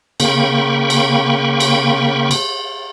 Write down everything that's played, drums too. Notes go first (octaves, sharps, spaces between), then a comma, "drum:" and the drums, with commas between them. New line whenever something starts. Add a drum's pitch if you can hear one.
C#3 A#3 G5 B5 C#6, drum: cymbal
drum: cymbal
drum: cymbal
drum: cymbal